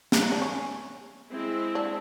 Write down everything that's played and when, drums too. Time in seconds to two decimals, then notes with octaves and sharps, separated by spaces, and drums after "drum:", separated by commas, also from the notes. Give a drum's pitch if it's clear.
0.12 E4, drum: snare
0.23 D#4
0.32 D4
0.42 C#4
1.31 G#3 C4 E4
1.75 D4